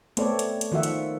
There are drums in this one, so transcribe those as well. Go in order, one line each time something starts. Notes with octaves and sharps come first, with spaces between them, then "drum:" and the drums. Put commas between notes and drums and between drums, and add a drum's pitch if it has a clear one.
A3 B3 C4 A4 C#5 D5, drum: hi-hat
drum: hi-hat
drum: hi-hat
D#3 F3 F4 F#4 E5 F#5
drum: hi-hat